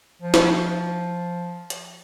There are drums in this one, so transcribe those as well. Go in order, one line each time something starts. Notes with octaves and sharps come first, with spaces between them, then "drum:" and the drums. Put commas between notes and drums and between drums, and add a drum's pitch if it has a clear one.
F3
drum: snare
drum: hi-hat